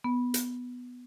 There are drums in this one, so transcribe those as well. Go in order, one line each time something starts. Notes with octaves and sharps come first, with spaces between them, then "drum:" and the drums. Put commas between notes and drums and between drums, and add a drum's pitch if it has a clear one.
B3
drum: hi-hat